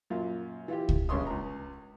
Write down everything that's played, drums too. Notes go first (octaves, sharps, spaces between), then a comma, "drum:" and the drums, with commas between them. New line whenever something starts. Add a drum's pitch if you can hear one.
F#2 A#2 F4
E3 F4 G4
drum: kick C#2
A#1 G2 C#3 C#5 C6 D#6
C#2 A#5